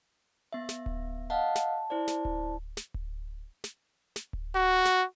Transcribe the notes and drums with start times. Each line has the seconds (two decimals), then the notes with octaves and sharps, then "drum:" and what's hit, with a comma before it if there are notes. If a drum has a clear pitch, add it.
0.53 B3 E5
0.69 drum: snare
0.86 drum: kick D1
1.30 D#5 F5 F#5 A5
1.55 drum: snare
1.90 E4 C5 D5
2.08 drum: snare
2.25 drum: kick D1
2.77 drum: snare
2.94 drum: kick D1
3.64 drum: snare
4.16 drum: snare
4.33 drum: kick D1
4.56 F#4
4.85 drum: snare